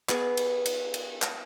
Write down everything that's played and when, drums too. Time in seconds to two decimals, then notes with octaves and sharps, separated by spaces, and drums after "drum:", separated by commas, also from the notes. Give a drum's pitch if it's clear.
0.09 B3 G#4, drum: clap
0.37 drum: cymbal
0.66 drum: cymbal
0.94 drum: cymbal
1.22 drum: clap